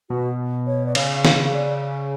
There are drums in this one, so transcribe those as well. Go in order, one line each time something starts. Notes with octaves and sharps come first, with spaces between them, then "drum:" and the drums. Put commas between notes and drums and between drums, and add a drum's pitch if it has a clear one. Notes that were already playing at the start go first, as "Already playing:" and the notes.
B2 F#4
C#5
D5
C#3 F5, drum: cymbal
F5, drum: snare
D5